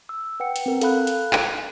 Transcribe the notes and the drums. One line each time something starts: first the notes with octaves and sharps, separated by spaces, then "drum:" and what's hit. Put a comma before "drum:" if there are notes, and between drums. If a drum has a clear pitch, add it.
E6
B4 F#5 G5 C#7
drum: hi-hat
C4 A#4
A4 F5 B5 F#6, drum: hi-hat
drum: hi-hat
drum: clap